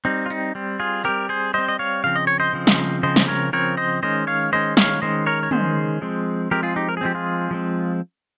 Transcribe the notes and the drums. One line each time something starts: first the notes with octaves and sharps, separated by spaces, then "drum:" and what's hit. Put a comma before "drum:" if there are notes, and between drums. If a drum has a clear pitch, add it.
G3 C4 D#4
F4
D#4, drum: hi-hat
G3 C4
F4 G#4
G3 C4 G4 A#4, drum: hi-hat
G#4 C5
G3 C4 C5 D#5
D#5
C#5 F5
C#3 F3 C4 F5
D#5
C#5
C5 D#5
C#3 F3 C4
drum: snare
C#3 F3 C4 C5 D#5
drum: snare
A#4 C#5
C#3 F3 C4 A#4 C#5
C5 D#5
D#3 G#3 C#4 C5 D#5
C#5 F5
D#3 G#3 C#4 C5 D#5
C#5 F5, drum: snare
D#3 G#3 C#4 C5 D#5
A#4 C#5
C#5
D#3 G#3 C#4 G#4 C5, drum: tom
F3 G#3 C4
F3 G#3 C4 G4 A#4
F4 G#4
D#4 G4
A#4
G#4
F3 G#3 C4 G4
F4 G#4
F3 G#3 C4